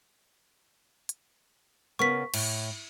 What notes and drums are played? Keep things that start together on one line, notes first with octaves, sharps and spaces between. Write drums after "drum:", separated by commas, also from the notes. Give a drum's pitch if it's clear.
drum: hi-hat
C#3 A#3 B3 C#6 B6
A2, drum: cymbal